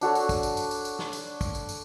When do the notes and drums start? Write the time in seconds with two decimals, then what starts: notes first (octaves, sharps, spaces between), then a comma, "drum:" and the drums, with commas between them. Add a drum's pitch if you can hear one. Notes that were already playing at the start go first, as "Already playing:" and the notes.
0.01 D4 F#4 A4 C#5, drum: tambourine
0.15 drum: tambourine
0.29 drum: kick, tambourine
0.43 drum: tambourine
0.57 drum: tambourine
0.71 drum: tambourine
0.85 drum: tambourine
0.99 drum: snare
1.13 drum: tambourine
1.41 drum: kick, tambourine
1.55 drum: tambourine
1.69 drum: tambourine